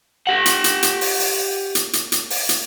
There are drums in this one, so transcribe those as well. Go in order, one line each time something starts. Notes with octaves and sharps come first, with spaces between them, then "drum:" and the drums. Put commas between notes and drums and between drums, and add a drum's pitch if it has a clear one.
G4 F#5
drum: hi-hat
drum: hi-hat
drum: hi-hat
drum: open hi-hat
drum: open hi-hat
drum: hi-hat
drum: hi-hat
drum: hi-hat
drum: open hi-hat
drum: hi-hat